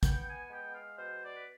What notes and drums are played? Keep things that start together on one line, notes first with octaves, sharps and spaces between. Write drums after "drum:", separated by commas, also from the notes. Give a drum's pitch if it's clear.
B3 G5, drum: kick, hi-hat
G#5
G#3 G5
F5
B2 C5
D5
B4